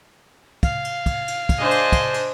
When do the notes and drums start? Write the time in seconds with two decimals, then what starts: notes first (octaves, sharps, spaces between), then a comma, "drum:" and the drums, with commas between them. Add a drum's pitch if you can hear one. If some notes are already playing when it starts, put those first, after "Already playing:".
0.63 F5, drum: kick, cymbal
0.85 drum: cymbal
1.06 drum: kick, cymbal
1.28 drum: cymbal
1.49 drum: kick, cymbal
1.59 D4 G#4 C5 D#5
1.71 drum: cymbal
1.92 drum: kick, cymbal
2.14 drum: cymbal